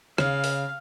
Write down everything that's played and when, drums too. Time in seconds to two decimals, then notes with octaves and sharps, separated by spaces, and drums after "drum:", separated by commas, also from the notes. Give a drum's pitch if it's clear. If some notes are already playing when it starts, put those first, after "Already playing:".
0.18 C#3 F5, drum: rim click
0.44 drum: open hi-hat